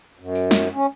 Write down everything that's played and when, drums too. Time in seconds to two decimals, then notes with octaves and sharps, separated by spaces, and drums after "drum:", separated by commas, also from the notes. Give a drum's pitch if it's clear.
0.19 F#2
0.35 drum: tambourine
0.51 drum: snare
0.74 C#4